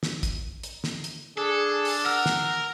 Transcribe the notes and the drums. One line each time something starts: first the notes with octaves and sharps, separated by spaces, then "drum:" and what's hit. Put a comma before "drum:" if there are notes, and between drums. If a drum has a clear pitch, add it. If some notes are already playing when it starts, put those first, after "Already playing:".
drum: snare
drum: kick, hi-hat
drum: hi-hat
drum: snare
drum: hi-hat
D4 G#4 A4
drum: open hi-hat
A#4 F#5 E6 F6
drum: snare